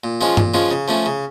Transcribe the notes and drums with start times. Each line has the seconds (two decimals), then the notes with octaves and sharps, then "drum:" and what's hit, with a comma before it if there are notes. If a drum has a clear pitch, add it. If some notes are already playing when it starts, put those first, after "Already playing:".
0.04 A#2
0.21 F3 G#3 C#4 F4
0.37 A#2, drum: tom G2
0.54 F3 G#3 C#4 F4
0.71 C#3
0.88 F3 A3 C#4
1.06 C#3